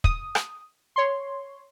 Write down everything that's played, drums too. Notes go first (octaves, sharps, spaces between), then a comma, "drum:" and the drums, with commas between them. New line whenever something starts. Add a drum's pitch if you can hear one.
D#6, drum: kick
drum: rim click
C#5 C6